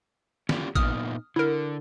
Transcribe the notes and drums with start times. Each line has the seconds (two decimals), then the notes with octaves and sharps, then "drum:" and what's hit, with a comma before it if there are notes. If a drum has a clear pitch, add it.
0.49 C#4 F4 G4, drum: snare
0.75 A#2 B3 D#4 D#6 F6, drum: kick A1
1.36 D3 E4 A#4